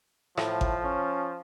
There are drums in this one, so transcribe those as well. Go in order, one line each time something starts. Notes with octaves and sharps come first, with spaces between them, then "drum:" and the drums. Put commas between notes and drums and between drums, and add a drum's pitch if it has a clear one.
A2 F3, drum: rim click
drum: kick G#1
C#4